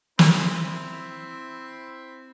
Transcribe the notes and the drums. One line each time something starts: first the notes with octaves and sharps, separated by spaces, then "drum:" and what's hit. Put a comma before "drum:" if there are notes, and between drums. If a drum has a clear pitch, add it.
C4 E4, drum: snare